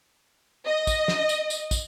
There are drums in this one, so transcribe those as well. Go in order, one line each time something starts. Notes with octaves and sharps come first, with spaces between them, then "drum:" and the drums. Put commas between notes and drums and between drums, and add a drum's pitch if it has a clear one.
D#5
drum: kick, tambourine
drum: snare
drum: tambourine
drum: tambourine
drum: kick, tambourine